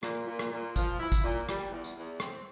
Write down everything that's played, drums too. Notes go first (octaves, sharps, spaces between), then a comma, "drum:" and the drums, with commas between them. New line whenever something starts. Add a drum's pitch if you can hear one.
A#2, drum: rim click
A#2
drum: rim click
A#2
F3, drum: kick G#1, tambourine
E4
drum: kick G#1, tambourine
A#2
G3, drum: rim click
E2
drum: tambourine
E2
C4, drum: rim click